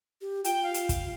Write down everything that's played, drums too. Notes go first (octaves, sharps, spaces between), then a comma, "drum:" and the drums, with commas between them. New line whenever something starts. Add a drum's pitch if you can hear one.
G4
F4 G5, drum: hi-hat
F5
drum: hi-hat
drum: kick, hi-hat